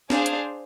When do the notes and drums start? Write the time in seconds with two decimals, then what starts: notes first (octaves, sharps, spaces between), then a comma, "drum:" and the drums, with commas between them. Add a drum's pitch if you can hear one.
0.10 D4 G#4 C5 F5, drum: snare
0.26 drum: hi-hat